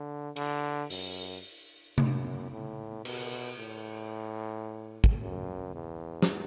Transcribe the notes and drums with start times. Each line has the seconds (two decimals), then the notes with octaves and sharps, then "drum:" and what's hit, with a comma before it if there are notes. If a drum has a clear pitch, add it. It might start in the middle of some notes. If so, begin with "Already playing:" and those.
Already playing: D3
0.36 D3, drum: cymbal
0.90 F#2, drum: open hi-hat
1.98 F#2, drum: tom C3
2.52 A2
3.05 B2, drum: cymbal
3.59 A2
5.04 drum: kick
5.22 F#2
5.75 E2
6.22 drum: snare